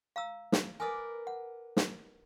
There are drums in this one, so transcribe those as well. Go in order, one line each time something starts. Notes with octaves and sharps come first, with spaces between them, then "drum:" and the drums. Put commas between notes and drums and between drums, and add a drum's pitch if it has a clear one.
F5 A#5 E6
drum: snare
A#4 B4 D5 G#5 D#6
F#5
drum: snare